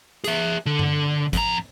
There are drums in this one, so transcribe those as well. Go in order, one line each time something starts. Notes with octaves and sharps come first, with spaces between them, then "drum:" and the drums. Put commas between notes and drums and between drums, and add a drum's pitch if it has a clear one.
G#4 E5, drum: hi-hat
D3
drum: tom G2
F2 A#5, drum: kick, hi-hat